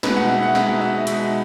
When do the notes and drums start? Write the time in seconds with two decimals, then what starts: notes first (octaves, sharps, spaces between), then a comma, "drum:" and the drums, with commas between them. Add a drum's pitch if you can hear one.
0.03 B2 G#3 D#4 B4, drum: snare
0.16 F#5
0.29 E5
0.43 F#5
0.55 B2 G#3 D#4 E5, drum: snare
0.69 F#5
0.81 E5
0.95 D#5
1.07 B2 G#3 D#4 E5, drum: hi-hat